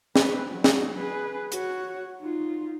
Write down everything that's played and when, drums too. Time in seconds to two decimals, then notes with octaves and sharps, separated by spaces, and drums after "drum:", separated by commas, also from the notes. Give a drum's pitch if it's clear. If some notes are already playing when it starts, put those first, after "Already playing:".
0.16 C4 B4, drum: snare
0.48 F#3 F#4
0.64 drum: snare
0.98 G#4 B4
1.52 F#4 C#5, drum: hi-hat
2.21 D#4 F4